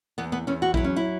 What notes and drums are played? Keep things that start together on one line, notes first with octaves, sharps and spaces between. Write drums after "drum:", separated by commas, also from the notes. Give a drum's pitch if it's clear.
E2 B3
B3
E2 C#4
F#4
F#3 E4, drum: kick A#1
C#4
E4